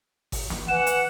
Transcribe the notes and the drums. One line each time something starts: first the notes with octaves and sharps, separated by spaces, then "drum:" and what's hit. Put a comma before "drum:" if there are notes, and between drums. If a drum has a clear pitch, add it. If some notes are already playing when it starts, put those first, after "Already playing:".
drum: kick G#1, open hi-hat
drum: snare
E3 F#5 E7
drum: hi-hat